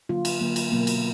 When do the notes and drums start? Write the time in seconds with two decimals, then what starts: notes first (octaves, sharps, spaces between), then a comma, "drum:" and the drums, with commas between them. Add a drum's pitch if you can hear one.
0.09 D3 F#3 A#3 F4
0.25 drum: cymbal
0.41 D3 F#3 A#3
0.56 drum: cymbal
0.71 B2 F#3 A#3
0.87 drum: cymbal